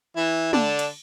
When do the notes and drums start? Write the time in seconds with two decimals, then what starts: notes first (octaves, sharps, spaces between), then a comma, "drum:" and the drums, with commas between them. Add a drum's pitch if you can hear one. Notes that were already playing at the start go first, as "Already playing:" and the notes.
0.16 E3 E4
0.53 D3 D4, drum: tom
0.79 drum: cymbal